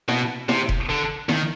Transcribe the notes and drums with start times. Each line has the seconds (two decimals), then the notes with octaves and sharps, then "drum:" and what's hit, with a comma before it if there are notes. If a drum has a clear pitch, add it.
0.09 B2, drum: snare E4
0.49 C3, drum: snare E4
0.69 drum: kick F1
0.89 D3
1.29 D#3, drum: snare E4